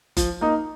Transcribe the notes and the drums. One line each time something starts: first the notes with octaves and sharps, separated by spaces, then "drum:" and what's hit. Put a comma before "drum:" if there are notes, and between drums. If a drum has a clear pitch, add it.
F3, drum: kick F#1, hi-hat
A#3 D#4